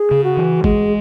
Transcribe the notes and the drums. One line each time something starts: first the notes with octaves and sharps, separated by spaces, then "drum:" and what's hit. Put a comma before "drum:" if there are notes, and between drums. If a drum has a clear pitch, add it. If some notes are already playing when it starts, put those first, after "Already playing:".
Already playing: G#4
C#3
F#4
E3
G#3 G#4, drum: kick